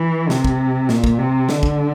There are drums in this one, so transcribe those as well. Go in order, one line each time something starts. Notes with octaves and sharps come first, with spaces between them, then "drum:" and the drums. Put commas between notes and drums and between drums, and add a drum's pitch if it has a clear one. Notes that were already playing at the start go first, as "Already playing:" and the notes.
Already playing: E3
C3, drum: snare
drum: kick
A#2, drum: snare
drum: kick
C3
D3, drum: snare
drum: kick